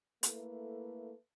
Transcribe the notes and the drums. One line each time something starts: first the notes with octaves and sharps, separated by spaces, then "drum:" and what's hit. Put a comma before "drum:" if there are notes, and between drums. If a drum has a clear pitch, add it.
A3 A#3 E4 A4 B4, drum: hi-hat